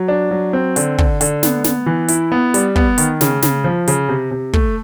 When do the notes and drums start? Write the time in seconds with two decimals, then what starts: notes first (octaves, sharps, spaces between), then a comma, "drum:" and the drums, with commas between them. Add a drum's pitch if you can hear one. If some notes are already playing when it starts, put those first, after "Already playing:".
Already playing: F#3
0.08 D4
0.31 F#3
0.53 C4
0.76 D3, drum: hi-hat
0.98 D3, drum: kick
1.21 D3, drum: hi-hat
1.43 B3, drum: snare
1.64 B3, drum: snare
1.86 E3
2.08 E4, drum: hi-hat
2.32 B3
2.54 G3, drum: hi-hat
2.76 B3, drum: kick
2.98 D#3, drum: hi-hat
3.21 C#3, drum: snare
3.42 C#3, drum: snare
3.64 F3
3.88 C#3, drum: hi-hat
4.09 C3
4.31 C3
4.53 A3, drum: kick